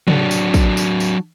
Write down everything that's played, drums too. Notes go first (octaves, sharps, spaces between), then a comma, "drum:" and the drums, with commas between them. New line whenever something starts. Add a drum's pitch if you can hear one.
F#3 D4, drum: tom C3
drum: tambourine
drum: kick, tambourine
drum: tambourine
drum: tambourine